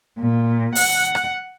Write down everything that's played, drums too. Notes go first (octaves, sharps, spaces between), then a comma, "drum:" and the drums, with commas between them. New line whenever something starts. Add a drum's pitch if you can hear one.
A#2
F#5, drum: open hi-hat
drum: rim click